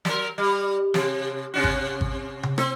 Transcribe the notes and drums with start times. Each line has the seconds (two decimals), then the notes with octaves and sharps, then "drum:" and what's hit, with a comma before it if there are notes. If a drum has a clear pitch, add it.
0.05 F#3 A#4, drum: snare
0.38 G3
0.94 C3, drum: snare
1.54 C3 C#4 F#4
1.64 drum: kick G#1
2.01 drum: kick G#1
2.43 drum: tom C3
2.58 C4, drum: rim click